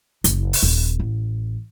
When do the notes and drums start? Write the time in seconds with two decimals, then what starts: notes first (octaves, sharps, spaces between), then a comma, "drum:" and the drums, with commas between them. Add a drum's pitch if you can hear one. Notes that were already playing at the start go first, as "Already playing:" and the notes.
0.24 F#1, drum: hi-hat
0.53 drum: open hi-hat
0.63 D#1
1.00 A1